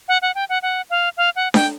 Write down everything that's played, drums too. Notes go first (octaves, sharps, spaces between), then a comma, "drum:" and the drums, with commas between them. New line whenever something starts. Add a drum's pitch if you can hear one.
F#5
F#5
G5
F#5
F#5
F5
F5
F#5
G5, drum: snare D4